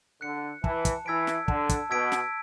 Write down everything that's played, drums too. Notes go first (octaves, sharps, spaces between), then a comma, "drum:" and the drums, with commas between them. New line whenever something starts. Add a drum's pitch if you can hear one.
D3 F#6 C#7
E3 A5, drum: kick
drum: kick, hi-hat
E3 E6 G#6 B6 D7
drum: snare
D3 A5, drum: kick
drum: kick, hi-hat
B2 E6 G#6 B6 D7
drum: snare